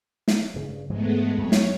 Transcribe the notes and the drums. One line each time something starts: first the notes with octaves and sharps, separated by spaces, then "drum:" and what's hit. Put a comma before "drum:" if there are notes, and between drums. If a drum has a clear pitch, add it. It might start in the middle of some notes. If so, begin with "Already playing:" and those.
drum: snare
G2 C#3
G#2 E3 F3 G#3 A3 B3
F#2 F#3 C4 C#5
drum: snare